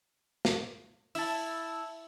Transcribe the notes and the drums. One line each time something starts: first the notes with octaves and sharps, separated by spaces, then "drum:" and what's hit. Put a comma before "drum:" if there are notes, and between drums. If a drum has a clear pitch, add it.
drum: snare
E4 A5 E6, drum: open hi-hat